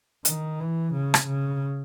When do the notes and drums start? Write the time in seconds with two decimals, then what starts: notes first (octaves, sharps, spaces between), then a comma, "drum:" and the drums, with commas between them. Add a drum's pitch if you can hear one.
0.25 D#3, drum: hi-hat
0.60 E3
0.93 C#3
1.14 drum: rim click
1.27 C#3